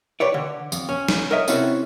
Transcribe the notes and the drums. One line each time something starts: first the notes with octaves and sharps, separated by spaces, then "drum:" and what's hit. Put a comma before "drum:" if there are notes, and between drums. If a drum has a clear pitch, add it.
G4 B4 C#5 D5
D3
F2, drum: tambourine
C#4
drum: snare
A#4 C#5 D#5 E5 A#5
C3 C4 C#4 E4 F#4 A4, drum: tambourine